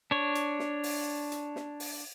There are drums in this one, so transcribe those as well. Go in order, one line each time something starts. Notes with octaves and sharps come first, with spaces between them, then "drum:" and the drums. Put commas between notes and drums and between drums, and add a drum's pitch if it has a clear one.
D4 C#5
drum: hi-hat
drum: snare
drum: open hi-hat
drum: hi-hat
drum: snare
drum: open hi-hat